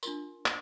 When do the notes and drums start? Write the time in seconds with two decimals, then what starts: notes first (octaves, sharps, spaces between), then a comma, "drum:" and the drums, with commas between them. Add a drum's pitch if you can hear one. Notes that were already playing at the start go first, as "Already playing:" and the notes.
0.03 D4 F4 A#4 C6, drum: tambourine
0.46 drum: clap